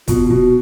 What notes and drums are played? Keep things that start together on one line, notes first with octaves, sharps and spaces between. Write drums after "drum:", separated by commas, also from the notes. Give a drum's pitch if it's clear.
B2 F4, drum: kick, hi-hat
B2 F#4